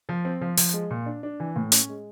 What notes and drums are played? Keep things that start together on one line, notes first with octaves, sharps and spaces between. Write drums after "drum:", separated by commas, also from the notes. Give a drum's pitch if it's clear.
F3
C4
F3
F3, drum: open hi-hat
G#3
A#2
D4
D4
E3
A2
C#4, drum: hi-hat
G#3